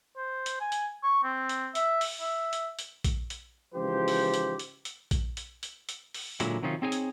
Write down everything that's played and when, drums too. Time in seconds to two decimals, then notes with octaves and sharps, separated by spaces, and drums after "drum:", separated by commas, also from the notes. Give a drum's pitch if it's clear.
0.17 C5
0.46 drum: hi-hat
0.61 G#5
0.72 drum: hi-hat
1.03 C#6
1.24 C4
1.49 drum: hi-hat
1.75 E5, drum: hi-hat
2.01 drum: open hi-hat
2.21 E5
2.53 drum: hi-hat
2.79 drum: hi-hat
3.04 drum: kick A#1, hi-hat
3.30 drum: hi-hat
3.74 C#2 G#2 E3 F3 G4 C5
4.08 drum: open hi-hat
4.34 drum: hi-hat
4.59 drum: hi-hat
4.85 drum: hi-hat
5.11 drum: kick A#1, hi-hat
5.37 drum: hi-hat
5.63 drum: hi-hat
5.89 drum: hi-hat
6.14 drum: open hi-hat
6.40 A#2 D3 F#3 G#3 E4, drum: hi-hat
6.62 C3 D#3 F#3 C#4 D#4 F4
6.82 C4 D#4 G#4 C#5 D#5 G#5
6.92 drum: hi-hat